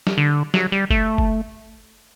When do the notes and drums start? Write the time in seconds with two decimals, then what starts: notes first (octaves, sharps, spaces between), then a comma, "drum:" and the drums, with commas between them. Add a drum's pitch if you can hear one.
0.07 drum: snare
0.18 D3
0.54 F#3, drum: snare
0.72 G3
0.91 A3, drum: kick F#1
1.18 drum: kick F#1